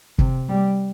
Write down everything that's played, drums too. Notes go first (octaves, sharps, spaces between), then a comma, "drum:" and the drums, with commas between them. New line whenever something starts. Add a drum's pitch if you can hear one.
C3, drum: kick
G3